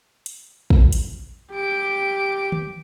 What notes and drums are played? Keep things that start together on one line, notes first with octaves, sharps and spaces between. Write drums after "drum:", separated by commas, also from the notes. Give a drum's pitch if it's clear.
drum: hi-hat
drum: kick
drum: hi-hat
G4 D7
drum: tom